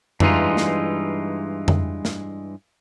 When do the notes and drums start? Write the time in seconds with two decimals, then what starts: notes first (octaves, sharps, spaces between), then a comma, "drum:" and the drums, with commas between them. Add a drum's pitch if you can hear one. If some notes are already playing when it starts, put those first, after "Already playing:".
0.20 G2 E3 G#3 D#4 F4, drum: tom F2
0.57 drum: snare
1.68 drum: tom F2
2.05 drum: snare